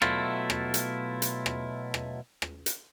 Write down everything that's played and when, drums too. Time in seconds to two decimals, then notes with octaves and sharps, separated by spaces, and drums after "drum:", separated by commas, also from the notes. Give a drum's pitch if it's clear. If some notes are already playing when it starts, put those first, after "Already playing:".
0.02 B2 F#3 A3 E4 F4 A4, drum: rim click
0.50 drum: rim click
0.74 drum: hi-hat
1.22 drum: hi-hat
1.46 drum: rim click
1.94 drum: rim click
2.42 drum: rim click
2.66 drum: hi-hat